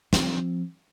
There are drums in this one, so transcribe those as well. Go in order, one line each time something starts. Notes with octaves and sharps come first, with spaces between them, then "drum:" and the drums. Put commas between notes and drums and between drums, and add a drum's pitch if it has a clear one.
F3 C4, drum: snare